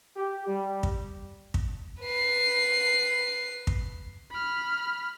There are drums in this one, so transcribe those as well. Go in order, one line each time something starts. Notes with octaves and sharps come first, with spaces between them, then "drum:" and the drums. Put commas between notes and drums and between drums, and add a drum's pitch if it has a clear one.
G4
G3
drum: kick
drum: kick
B4 C7
drum: kick
B5 F6